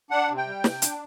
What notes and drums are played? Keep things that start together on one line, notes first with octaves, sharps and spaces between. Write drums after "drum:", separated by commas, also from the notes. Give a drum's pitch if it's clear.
D4 F#5
C3
G5
G3
C3, drum: snare
D4, drum: hi-hat